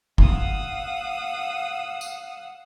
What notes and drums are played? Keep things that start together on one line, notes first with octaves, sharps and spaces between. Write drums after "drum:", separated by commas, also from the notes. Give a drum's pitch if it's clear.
F5 F#5 D#6 E6, drum: kick
drum: tambourine